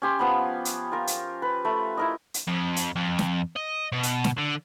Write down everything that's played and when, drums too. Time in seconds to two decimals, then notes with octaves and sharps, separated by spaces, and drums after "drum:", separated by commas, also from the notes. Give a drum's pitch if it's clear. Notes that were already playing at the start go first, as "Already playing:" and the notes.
0.02 C#4 G4 C6
0.19 F3 B3 F5 B5
0.65 drum: hi-hat
0.92 F4 A#4
1.07 drum: hi-hat
1.42 B4
1.65 A3 B5
1.97 E4 A#4 D#5
2.34 drum: hi-hat
2.48 F2
2.76 drum: hi-hat
2.96 F2
3.19 drum: snare
3.56 D#5
3.92 B2
4.03 drum: hi-hat
4.24 drum: snare
4.38 D3